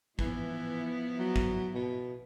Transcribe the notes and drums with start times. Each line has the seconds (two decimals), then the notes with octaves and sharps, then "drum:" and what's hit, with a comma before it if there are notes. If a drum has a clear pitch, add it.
0.19 E3 F3 B3 E4, drum: kick
1.18 F#3
1.36 drum: kick
1.74 B2